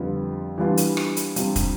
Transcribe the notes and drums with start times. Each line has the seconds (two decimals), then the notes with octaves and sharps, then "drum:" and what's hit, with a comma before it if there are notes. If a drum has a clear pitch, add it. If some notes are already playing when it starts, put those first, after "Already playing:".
Already playing: F2 D3 G3 B3 F4
0.58 E3 G3 B3 D4 F4
0.77 drum: hi-hat
0.97 drum: rim click
1.17 drum: hi-hat
1.36 C3 G3 D4 F4, drum: hi-hat
1.56 drum: kick, hi-hat